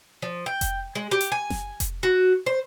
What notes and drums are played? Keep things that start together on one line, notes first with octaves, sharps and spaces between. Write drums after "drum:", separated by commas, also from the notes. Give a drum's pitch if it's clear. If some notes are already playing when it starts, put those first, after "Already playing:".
F3
G5
drum: kick F1, hi-hat
G#3
G4
drum: hi-hat
G#5
drum: snare F#1
drum: kick F1, hi-hat
F#4
C5